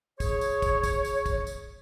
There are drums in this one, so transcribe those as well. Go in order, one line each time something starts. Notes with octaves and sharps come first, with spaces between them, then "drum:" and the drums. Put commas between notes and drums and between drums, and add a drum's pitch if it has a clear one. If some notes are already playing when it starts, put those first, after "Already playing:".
G#4 C#5, drum: kick, tambourine
drum: tambourine
drum: kick, tambourine
drum: kick, tambourine
drum: tambourine
drum: kick, tambourine
drum: tambourine